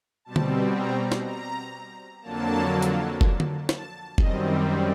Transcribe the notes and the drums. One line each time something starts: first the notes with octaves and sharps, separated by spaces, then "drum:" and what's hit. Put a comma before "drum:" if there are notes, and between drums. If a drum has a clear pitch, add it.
B2 G3 C4 A5
drum: tom D3
A#5
drum: snare
A#5
F2 D3 F#3 A#3 A5
drum: hi-hat
drum: kick F1
drum: tom D3
A5, drum: snare
F#2 D#3 G3 C4 D#5, drum: kick F1